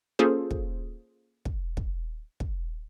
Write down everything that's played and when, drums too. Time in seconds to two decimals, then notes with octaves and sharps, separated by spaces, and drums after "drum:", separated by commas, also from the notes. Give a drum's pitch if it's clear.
0.19 A#3 C#4 F4 G#4 A4 C5
0.51 drum: kick
1.45 drum: kick
1.77 drum: kick
2.40 drum: kick